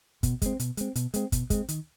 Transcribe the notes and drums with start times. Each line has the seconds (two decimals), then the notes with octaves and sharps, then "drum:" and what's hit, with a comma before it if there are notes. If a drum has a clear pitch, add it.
0.23 B2, drum: kick, hi-hat
0.42 G#3 C4, drum: kick, hi-hat
0.60 B2, drum: hi-hat
0.77 G#3 C4, drum: hi-hat
0.96 B2, drum: hi-hat
1.14 G#3 C4, drum: hi-hat
1.32 B2, drum: kick, hi-hat
1.50 G#3 C4, drum: kick, hi-hat
1.69 D#3, drum: hi-hat